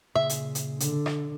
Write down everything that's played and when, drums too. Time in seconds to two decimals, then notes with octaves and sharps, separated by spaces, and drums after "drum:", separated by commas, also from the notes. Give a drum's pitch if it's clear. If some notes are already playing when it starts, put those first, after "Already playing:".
0.15 A#2 C#3 G#4 E5
0.29 drum: hi-hat
0.55 drum: hi-hat
0.80 D3, drum: hi-hat
1.06 drum: rim click